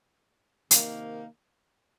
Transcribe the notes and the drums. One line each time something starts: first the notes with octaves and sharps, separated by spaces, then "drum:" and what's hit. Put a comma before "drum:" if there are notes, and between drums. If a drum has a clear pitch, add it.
C3 D#3 A#3 D#4, drum: hi-hat